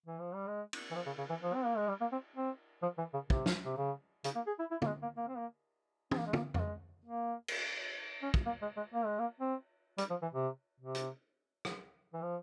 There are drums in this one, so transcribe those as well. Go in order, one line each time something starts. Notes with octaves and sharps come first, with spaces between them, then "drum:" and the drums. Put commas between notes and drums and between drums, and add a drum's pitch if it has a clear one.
E3
F3
G3
G#3
drum: cymbal
E3
F3
C#3
C#3
E3
F3
C4
A#3
G#3
G3
A#3
C4
C4
F3
E3
C#3
C3, drum: kick
drum: snare
C3
C#3
C#3, drum: hi-hat
A#3
G#4
E4
E4
A#3, drum: tom
G#3
A#3
A#3
C4
A#3
C4, drum: tom
A#3
G#3
A#3, drum: tom
A#3, drum: tom F2
G#3
A#3
drum: cymbal
C#4
drum: kick
A#3
G#3
G#3
A#3
G#3
A#3
C4
G3, drum: hi-hat
F3
E3
C3
C3
drum: hi-hat
drum: rim click
E3
F3